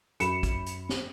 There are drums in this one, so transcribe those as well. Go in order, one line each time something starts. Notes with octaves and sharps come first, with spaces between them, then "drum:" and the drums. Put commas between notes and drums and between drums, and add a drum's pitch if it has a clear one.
F#2 B5 C#7 E7, drum: hi-hat
drum: kick, hi-hat
drum: hi-hat
drum: snare